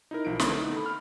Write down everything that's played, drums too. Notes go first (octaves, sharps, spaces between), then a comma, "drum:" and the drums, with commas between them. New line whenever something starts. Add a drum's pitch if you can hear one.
D#4 E4 A#4
B1 F3 E4 D7
D3 D#3 A3 C#4 E4 B4, drum: snare
B3 D#4 E4
A4 B5
B5 F6